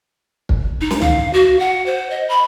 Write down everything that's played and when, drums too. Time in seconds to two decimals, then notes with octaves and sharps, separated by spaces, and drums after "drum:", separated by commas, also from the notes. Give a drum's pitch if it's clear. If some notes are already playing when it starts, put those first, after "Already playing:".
0.49 drum: kick
0.81 D#4
0.91 drum: snare
1.01 F5, drum: tom
1.33 F#4
1.59 F#5
1.86 C5
2.10 D#5
2.29 B5